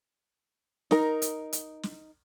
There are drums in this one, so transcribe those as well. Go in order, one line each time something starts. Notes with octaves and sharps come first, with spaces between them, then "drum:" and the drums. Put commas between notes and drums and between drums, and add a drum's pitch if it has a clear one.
D#4 A#4, drum: snare
drum: hi-hat
drum: hi-hat
drum: snare